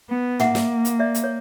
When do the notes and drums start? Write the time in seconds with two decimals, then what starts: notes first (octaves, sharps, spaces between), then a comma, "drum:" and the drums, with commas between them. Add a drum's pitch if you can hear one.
0.10 B3
0.39 A#3 E5 F#5, drum: tom
0.55 drum: snare
0.85 drum: hi-hat
1.00 D5 E5
1.15 drum: hi-hat
1.24 C#5